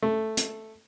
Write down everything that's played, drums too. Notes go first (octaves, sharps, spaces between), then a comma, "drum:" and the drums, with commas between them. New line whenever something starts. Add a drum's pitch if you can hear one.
A3
drum: hi-hat